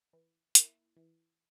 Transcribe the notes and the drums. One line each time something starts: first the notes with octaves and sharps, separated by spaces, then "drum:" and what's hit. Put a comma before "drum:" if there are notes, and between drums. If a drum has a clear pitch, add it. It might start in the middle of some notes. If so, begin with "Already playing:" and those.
E3
A#3 E4, drum: hi-hat
E3